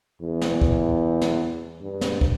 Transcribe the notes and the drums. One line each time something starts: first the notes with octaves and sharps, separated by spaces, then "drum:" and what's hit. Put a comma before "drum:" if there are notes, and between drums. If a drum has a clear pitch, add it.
E2
drum: snare
drum: kick
drum: snare
G2
drum: snare
drum: kick